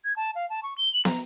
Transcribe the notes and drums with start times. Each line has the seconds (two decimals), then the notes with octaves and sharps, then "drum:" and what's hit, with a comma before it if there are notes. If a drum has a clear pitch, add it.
0.05 G#6
0.16 A5
0.35 F5
0.50 A5
0.63 C#6
0.78 G7
0.93 F#7
1.05 A#5, drum: snare